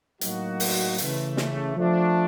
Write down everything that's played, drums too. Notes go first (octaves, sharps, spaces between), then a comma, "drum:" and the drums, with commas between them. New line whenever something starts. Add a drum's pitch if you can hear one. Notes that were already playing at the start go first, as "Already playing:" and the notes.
A2 F#3 A#3 D#4 F#4, drum: hi-hat
drum: open hi-hat
C#3 E3 A3, drum: hi-hat
drum: snare
F3 A3 D4